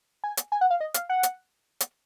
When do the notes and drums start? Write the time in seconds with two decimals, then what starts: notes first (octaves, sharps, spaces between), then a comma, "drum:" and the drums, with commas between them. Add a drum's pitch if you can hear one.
0.24 G#5
0.37 drum: hi-hat
0.52 G#5
0.61 F#5
0.70 F5
0.80 D#5
0.94 F5, drum: hi-hat
1.09 F#5
1.23 drum: hi-hat
1.80 drum: hi-hat